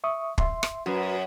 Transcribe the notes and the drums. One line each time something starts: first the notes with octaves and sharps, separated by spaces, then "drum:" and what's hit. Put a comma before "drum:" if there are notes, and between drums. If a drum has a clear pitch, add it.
E5 C#6 D#6
E5 C6, drum: kick
drum: rim click
F#2 F#4 B4